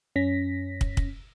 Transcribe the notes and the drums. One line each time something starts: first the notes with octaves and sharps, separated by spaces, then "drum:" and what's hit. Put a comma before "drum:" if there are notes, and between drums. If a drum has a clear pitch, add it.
F#2 C#4 A#6 B6
drum: kick
drum: kick